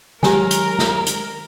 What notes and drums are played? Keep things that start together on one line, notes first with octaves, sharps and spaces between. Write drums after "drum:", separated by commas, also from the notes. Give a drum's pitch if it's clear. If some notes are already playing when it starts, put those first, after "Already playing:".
D#3 F#3 G#3 G4 A#4 G#5 A#5, drum: snare
drum: hi-hat
drum: snare
drum: hi-hat